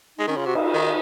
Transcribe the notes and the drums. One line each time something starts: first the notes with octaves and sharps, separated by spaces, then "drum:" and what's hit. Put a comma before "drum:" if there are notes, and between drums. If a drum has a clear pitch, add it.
G#3 D#4
D#3 C#4
C#3 F4
C3 F#4
D#4, drum: cymbal
D#3